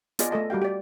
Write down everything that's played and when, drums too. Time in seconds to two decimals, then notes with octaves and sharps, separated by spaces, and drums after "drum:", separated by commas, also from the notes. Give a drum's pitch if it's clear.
0.19 B3 F4 G#4 D5 D#5, drum: hi-hat
0.31 A3 A4 D#5 A5
0.50 G3 F#4 G4 F5 G5
0.62 G4 D5